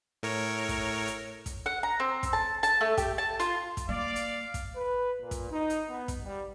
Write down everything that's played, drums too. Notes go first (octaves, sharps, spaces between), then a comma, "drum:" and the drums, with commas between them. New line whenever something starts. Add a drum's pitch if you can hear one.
A2 A#4 C#5
drum: kick, hi-hat
drum: hi-hat
drum: kick, hi-hat
F#5
A#5
C4
drum: kick, hi-hat
A5
A5, drum: hi-hat
A3
G4, drum: kick, hi-hat
A5
F4, drum: hi-hat
drum: kick, hi-hat
A#3 D5 F5
drum: hi-hat
drum: kick, hi-hat
B4
A#2
drum: kick, hi-hat
D#4
drum: hi-hat
B3
drum: kick, hi-hat
G3